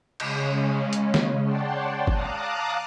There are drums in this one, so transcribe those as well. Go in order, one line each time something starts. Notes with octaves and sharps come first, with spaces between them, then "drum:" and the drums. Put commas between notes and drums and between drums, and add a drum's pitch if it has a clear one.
C#3 G#3 C#4, drum: cymbal
drum: hi-hat
drum: snare
C#5 D5 F#5 G5 A5 C6
F5 A5 A#5 D6 D#6 F#6, drum: kick